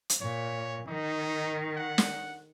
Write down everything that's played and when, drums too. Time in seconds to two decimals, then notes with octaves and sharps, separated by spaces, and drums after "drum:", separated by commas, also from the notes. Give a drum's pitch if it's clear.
0.09 drum: hi-hat
0.21 A#2 C#5
0.88 D#3 D#4
1.76 F#5
1.98 drum: snare